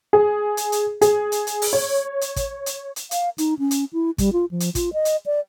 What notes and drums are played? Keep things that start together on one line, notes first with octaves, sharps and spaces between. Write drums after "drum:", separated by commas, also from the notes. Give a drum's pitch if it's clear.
G#4
drum: hi-hat
drum: hi-hat
G#4, drum: hi-hat
drum: hi-hat
drum: hi-hat
drum: open hi-hat
C#5
drum: hi-hat
drum: kick, hi-hat
drum: hi-hat
drum: hi-hat
F5, drum: hi-hat
D#4, drum: hi-hat
C#4
drum: hi-hat
E4
G3, drum: kick, hi-hat
F4
F3
drum: hi-hat
F4, drum: kick, hi-hat
D#5
drum: hi-hat
D5